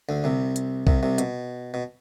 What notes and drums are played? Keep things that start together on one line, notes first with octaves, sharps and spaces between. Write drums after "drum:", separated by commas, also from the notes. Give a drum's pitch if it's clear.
D2 D3
C2 C3
drum: hi-hat
C2 C3, drum: kick B1
C2 C3
B2, drum: hi-hat
B2